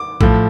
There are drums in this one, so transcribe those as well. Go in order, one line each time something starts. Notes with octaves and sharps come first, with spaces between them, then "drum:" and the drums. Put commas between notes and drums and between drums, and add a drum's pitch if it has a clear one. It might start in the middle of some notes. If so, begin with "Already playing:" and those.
Already playing: D6
A2 F3, drum: kick A#1